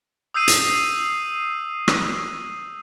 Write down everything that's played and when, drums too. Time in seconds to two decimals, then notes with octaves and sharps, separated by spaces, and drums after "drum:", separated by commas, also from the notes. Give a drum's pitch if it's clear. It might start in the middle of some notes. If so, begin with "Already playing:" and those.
0.34 D#6 E6 G6 C7 D#7
0.48 drum: hi-hat
1.88 drum: rim click